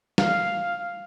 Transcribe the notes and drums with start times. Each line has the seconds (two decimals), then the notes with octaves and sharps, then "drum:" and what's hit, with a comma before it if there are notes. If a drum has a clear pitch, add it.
0.18 F5, drum: snare